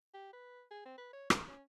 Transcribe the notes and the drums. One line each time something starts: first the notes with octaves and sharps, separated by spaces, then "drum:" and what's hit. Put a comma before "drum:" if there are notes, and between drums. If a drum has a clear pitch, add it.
G4
B4
G#4
C4
B4
C#5
A4, drum: rim click
C#4